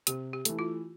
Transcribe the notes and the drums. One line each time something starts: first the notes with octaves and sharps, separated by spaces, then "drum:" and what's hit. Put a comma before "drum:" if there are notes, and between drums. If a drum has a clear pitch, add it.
C3 G4, drum: hi-hat
G4
E3 A3, drum: hi-hat
F4